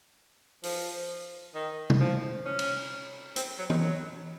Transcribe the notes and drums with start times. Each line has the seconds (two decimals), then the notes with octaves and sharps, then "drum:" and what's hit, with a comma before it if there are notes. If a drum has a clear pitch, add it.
0.63 F3, drum: open hi-hat
1.55 D#3
1.90 drum: tom
2.00 F3
2.45 C#4
2.59 drum: cymbal
3.36 C4, drum: hi-hat
3.58 F#3
3.70 D#3, drum: tom
3.81 F#3